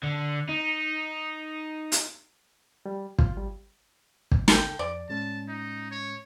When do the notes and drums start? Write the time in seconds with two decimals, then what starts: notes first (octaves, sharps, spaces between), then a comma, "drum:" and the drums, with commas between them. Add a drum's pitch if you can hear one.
0.03 D3
0.49 D#4
1.92 drum: hi-hat
2.86 G3
3.19 F4, drum: kick
3.37 G3
4.31 drum: kick
4.48 C2 C#3 D#4 A4 G5, drum: snare
4.79 F2 D5
5.09 A2 G#3 C#4 A5
5.48 D#4
5.91 C#5